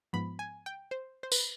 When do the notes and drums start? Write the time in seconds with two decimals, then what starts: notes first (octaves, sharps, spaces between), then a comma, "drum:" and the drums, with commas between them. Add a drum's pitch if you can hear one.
0.13 G#2 F3 B3 B5
0.39 G#5
0.66 G5
0.91 C5
1.23 C5
1.32 B4, drum: tambourine